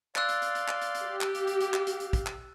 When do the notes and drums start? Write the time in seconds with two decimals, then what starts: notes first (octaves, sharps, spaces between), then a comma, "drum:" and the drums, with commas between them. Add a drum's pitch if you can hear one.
0.16 D5 F5 C6 E6 F#6 A6, drum: clap
0.29 drum: hi-hat
0.42 drum: hi-hat
0.55 drum: hi-hat
0.68 drum: clap
0.81 drum: hi-hat
0.95 drum: hi-hat
1.04 G4
1.21 drum: clap
1.35 F5, drum: hi-hat
1.47 drum: hi-hat
1.61 drum: hi-hat
1.74 drum: clap
1.87 drum: hi-hat
2.00 drum: hi-hat
2.13 drum: kick, hi-hat
2.26 drum: clap